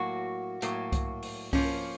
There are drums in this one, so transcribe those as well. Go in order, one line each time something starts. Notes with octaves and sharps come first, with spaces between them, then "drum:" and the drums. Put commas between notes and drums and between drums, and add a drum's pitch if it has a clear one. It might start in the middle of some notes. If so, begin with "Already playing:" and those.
Already playing: A2 F#3 A#3 F#4
A2 F#3 A#3, drum: hi-hat
drum: kick C2, hi-hat
drum: open hi-hat
F3 A#3 C#4, drum: kick C2, open hi-hat